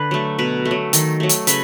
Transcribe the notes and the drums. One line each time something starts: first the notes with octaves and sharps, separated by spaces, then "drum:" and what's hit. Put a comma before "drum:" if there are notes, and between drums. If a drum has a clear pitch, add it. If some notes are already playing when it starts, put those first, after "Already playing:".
Already playing: D3 B4
F#3 A3
B2 B4
A3
F#3
D#3, drum: hi-hat
F#3 A3
drum: hi-hat
C#3 B4, drum: hi-hat